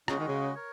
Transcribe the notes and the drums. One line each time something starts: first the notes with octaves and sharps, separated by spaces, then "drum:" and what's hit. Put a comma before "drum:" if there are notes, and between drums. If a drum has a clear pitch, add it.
C#3 G#3 F#4 D#5, drum: rim click
D#3
C#3
A#4 C#5